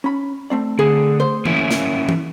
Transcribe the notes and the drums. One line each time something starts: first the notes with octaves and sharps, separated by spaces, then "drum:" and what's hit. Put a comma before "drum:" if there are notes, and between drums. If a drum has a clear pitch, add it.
C#4 B5
A3 C4 D5
D3 G#4
C5
A#3 C#4 E4, drum: tom E3
drum: snare
drum: tom E3